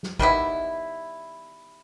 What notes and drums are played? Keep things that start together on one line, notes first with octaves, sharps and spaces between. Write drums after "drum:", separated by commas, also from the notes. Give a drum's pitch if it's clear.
drum: snare
D#3 G3 B3 E4, drum: kick G#1